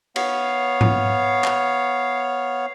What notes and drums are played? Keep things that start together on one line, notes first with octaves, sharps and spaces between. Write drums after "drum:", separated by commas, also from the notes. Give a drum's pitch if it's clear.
B3 C#5 F5, drum: cymbal
drum: tom G#2
drum: clap